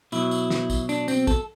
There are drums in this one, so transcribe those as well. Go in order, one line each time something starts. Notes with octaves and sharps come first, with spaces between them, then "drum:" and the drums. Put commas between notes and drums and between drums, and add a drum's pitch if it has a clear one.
B2 F#3 E4, drum: tambourine
drum: tambourine
drum: snare
drum: kick, tambourine
D4, drum: tambourine
C4, drum: tambourine
A4, drum: kick, tambourine